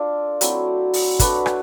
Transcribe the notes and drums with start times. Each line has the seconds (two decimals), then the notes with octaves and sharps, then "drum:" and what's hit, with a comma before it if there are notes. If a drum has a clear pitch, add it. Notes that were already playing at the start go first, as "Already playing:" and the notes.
Already playing: D4 F4 A4 D5
0.41 F#3 A3 C4 E4, drum: hi-hat
0.93 drum: open hi-hat
1.19 A3 D4 F#4 B4, drum: kick, hi-hat
1.46 drum: rim click